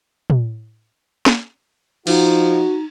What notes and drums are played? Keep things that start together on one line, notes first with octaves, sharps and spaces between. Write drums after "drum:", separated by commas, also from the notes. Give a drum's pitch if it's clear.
drum: tom
drum: snare
F3 D#4 F#4, drum: cymbal